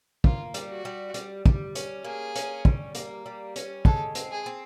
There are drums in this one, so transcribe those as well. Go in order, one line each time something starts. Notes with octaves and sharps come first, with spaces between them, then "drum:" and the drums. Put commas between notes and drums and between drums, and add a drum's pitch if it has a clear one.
A#3 F4, drum: kick
G3, drum: hi-hat
F#4
G3
G3, drum: hi-hat
G3, drum: kick
C#4, drum: hi-hat
A#3 G#4
C#4, drum: hi-hat
G3, drum: kick
A#3, drum: hi-hat
G3
C#4, drum: hi-hat
G#3 A4, drum: kick
C4, drum: hi-hat
G#4
C4